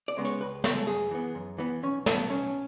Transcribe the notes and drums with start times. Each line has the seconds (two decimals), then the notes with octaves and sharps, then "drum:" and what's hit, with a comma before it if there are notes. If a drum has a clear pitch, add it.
0.08 D5
0.17 C#3 G#3 B3
0.25 C#5, drum: hi-hat
0.41 C#2 B4
0.64 C#3 G#3 B3 C#5, drum: snare
0.75 A4
0.87 F#2 G#4
1.11 E3 B3
1.35 F#2
1.58 E3 B3
1.83 B1 C#4
2.06 B2 A3, drum: snare
2.14 B3
2.30 B1 C#4